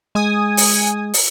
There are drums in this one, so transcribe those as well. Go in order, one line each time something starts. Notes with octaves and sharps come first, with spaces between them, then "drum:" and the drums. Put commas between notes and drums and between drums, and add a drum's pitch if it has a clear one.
G#3 G#5 D#6
drum: open hi-hat
drum: open hi-hat